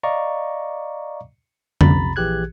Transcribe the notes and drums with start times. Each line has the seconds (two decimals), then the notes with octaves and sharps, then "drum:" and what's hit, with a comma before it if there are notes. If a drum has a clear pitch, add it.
0.03 D5 D#5 F5 A#5 C#6 D6
1.81 B1 F2 C3 A#5 B5 A6, drum: tom F2
2.16 A#1 E3 G4 G#4 F#6 G#6